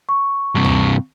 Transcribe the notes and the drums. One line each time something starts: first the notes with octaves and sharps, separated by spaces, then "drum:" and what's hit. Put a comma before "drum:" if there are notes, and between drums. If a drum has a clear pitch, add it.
C#6
G2 C3
drum: tom D2